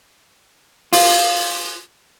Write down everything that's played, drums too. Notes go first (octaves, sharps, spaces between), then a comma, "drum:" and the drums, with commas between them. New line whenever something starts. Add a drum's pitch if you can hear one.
F4, drum: open hi-hat